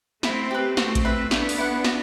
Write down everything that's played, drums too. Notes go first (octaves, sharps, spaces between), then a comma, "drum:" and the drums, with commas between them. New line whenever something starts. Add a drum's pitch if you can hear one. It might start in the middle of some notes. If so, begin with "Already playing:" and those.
A3 C4 E4, drum: snare
G4 B4
A3 C4 F#4, drum: snare
drum: kick A1, hi-hat
B4 E5
A3 B3 D4, drum: snare
drum: open hi-hat
E4 B4 F#5
F#4, drum: snare